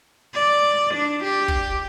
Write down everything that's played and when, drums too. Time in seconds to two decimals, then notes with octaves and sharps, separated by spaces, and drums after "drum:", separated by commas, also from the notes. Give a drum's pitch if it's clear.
0.34 D5
0.95 D4
1.24 G4
1.48 drum: kick